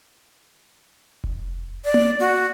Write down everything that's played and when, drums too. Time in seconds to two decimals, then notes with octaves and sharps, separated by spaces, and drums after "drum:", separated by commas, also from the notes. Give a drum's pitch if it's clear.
1.24 drum: kick F1
1.85 D5
1.94 drum: tom A#3
2.20 F#4